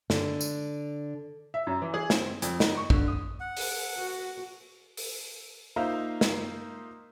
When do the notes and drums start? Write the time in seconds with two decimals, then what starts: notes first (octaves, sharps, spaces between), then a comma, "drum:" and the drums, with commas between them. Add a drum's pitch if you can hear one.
0.10 D3, drum: snare
0.41 drum: tambourine
1.54 E5
1.67 F#2
1.82 E3
1.94 G#4
2.10 C4, drum: snare
2.42 F2, drum: hi-hat
2.60 D#4, drum: snare
2.76 C#6
2.90 D3, drum: kick
3.08 D#6
3.40 F#5
3.57 drum: open hi-hat
3.98 F#4
4.97 drum: open hi-hat
5.76 A#3 D#4 F4 C5 E5 F5
6.21 drum: snare